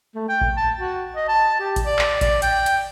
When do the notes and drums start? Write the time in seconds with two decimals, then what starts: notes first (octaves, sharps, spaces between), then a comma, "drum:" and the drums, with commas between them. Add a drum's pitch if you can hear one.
0.15 A3
0.29 G5
0.41 drum: kick A1
0.57 A5
0.80 F#4
1.16 D#5
1.28 A5
1.60 G4
1.76 drum: kick A1, hi-hat
1.85 D5
1.99 drum: clap
2.21 D5, drum: kick A1, hi-hat
2.42 G5, drum: hi-hat
2.66 drum: hi-hat